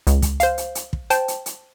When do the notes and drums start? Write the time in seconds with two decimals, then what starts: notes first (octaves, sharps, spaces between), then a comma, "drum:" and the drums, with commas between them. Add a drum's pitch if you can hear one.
0.07 C#2, drum: hi-hat
0.22 drum: kick, hi-hat
0.40 C5 F5, drum: hi-hat
0.58 drum: hi-hat
0.75 drum: hi-hat
0.93 drum: kick
1.10 C5 G5 A5, drum: hi-hat
1.28 drum: hi-hat
1.46 drum: hi-hat